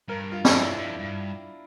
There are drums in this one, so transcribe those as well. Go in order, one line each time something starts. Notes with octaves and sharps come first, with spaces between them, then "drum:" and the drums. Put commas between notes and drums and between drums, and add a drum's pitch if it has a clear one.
G2 A#4
F4
D4, drum: snare
F2 E4
G2
F2
G2
F2
G2